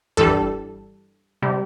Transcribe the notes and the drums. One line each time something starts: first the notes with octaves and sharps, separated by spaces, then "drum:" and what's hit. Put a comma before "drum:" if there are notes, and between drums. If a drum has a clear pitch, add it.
G2 E3 G3 A4, drum: kick
C3 G3